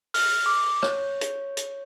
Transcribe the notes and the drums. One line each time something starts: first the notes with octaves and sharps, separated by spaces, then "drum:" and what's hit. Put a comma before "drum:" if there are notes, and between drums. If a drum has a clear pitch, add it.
F6, drum: open hi-hat
D6
C#5, drum: rim click
drum: hi-hat
drum: hi-hat